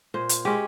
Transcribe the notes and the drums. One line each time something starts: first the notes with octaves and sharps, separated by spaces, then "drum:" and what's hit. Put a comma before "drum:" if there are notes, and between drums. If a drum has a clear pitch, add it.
A#2 C5
drum: hi-hat
G#3 C#4 G4